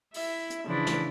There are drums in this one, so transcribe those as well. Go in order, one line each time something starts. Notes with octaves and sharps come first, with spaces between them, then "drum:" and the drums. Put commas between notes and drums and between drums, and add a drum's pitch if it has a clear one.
E4 E5, drum: open hi-hat
drum: hi-hat
C#3 E3 F3 D4 E4
drum: snare